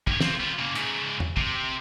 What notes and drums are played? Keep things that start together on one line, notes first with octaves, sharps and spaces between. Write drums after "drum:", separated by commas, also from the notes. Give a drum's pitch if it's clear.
G2 C#5, drum: kick
C4 F4, drum: snare
G3 F4
C#3 A#3
G#2 C#3, drum: hi-hat
drum: tom
C3, drum: kick